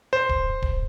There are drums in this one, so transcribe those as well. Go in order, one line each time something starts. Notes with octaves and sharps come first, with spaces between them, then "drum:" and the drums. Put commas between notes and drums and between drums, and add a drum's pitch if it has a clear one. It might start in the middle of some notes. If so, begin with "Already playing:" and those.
C5
drum: kick D1
drum: kick D1